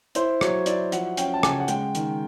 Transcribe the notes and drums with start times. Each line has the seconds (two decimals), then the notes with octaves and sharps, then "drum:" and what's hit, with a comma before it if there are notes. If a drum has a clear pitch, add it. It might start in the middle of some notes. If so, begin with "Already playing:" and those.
0.15 E4 C5, drum: hi-hat
0.41 F#3 C#5, drum: rim click
0.66 E4 D5, drum: hi-hat
0.92 F3 F#5, drum: hi-hat
1.17 C#4 G5, drum: hi-hat
1.34 A5
1.43 C#3 G#5, drum: rim click
1.60 F#5
1.68 G#3 G5, drum: hi-hat
1.95 D#3, drum: hi-hat